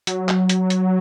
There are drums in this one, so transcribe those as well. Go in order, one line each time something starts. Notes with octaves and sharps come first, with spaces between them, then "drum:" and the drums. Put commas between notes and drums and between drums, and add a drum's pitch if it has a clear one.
F#3, drum: hi-hat
drum: clap
drum: hi-hat
drum: hi-hat